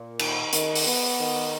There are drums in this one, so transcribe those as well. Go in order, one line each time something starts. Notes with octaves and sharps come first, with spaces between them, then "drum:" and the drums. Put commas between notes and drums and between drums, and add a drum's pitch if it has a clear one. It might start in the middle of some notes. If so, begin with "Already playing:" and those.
Already playing: A#2
D#3, drum: cymbal
D#3, drum: hi-hat
drum: open hi-hat
B3
D#3